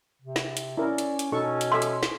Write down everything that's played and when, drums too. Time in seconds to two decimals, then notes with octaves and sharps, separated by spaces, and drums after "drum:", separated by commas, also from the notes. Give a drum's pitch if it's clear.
0.22 C3
0.36 drum: snare
0.57 drum: hi-hat
0.78 C#4 E4 A#4 D5
0.98 drum: hi-hat
1.19 drum: hi-hat
1.32 B2 C#4 D#4 A4 C#6
1.61 drum: hi-hat
1.72 A4 E5 C6
1.82 drum: hi-hat
2.03 drum: snare